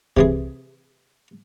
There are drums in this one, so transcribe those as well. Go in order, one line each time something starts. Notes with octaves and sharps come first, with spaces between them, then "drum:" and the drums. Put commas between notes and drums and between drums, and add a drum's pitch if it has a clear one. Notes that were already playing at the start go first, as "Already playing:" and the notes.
C3 E3 G#4, drum: kick C2